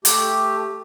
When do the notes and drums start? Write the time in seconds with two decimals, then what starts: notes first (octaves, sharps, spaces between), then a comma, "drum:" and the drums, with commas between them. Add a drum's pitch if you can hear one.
0.05 A3 G4, drum: hi-hat